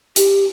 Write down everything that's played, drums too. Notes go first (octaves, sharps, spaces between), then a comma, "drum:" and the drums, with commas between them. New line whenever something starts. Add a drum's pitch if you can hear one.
G4, drum: hi-hat